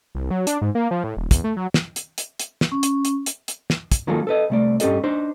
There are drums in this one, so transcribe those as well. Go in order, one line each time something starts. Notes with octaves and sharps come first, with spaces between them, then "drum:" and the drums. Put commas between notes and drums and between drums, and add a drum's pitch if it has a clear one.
C2
F#3
D4, drum: hi-hat
G#2
A#3
F3
A2
D#1
E2, drum: kick, hi-hat
A3
F#3
drum: snare
drum: hi-hat
drum: hi-hat
drum: hi-hat
drum: snare
C#4
drum: hi-hat
drum: hi-hat
drum: hi-hat
drum: hi-hat
drum: snare
drum: kick, hi-hat
D#3 F#3 G#3 A#3 F4 A4
A4 B4 D#5
C2 A3 D5
G2 C#4 G4 A4 D#5, drum: hi-hat
D4 D#4 C5